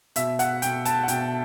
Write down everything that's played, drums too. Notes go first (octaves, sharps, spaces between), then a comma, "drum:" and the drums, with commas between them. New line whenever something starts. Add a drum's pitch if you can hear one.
B2 E5, drum: hi-hat
F#5, drum: hi-hat
B2 G5, drum: hi-hat
A5, drum: hi-hat
F#5
B2 G5, drum: hi-hat